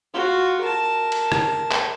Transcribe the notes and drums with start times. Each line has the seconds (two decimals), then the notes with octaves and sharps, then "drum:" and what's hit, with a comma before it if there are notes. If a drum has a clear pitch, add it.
0.14 F4 F#4
0.61 A#4 A5
1.12 drum: cymbal
1.32 drum: rim click
1.71 drum: clap